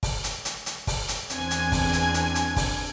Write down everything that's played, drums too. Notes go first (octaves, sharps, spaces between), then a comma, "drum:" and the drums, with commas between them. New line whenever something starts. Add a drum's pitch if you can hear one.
drum: kick G1, open hi-hat
drum: hi-hat
drum: hi-hat
drum: hi-hat
drum: kick G1, open hi-hat
drum: hi-hat
E2 C4 D4 G#5 G#6, drum: hi-hat
drum: hi-hat
drum: kick G1, open hi-hat
drum: hi-hat
drum: hi-hat
drum: hi-hat
drum: kick G1, open hi-hat